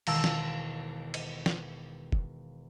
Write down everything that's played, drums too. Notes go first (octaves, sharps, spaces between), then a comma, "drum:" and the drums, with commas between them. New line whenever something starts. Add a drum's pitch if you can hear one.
E1 D#3 F5 A5 E6, drum: cymbal
drum: snare
drum: cymbal
drum: snare
drum: kick